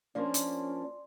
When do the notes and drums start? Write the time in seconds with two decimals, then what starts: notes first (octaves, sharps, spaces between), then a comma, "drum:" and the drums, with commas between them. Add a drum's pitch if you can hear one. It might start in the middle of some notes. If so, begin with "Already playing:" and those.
0.15 F3 A#3 C#4 D4 D5 C6
0.34 drum: hi-hat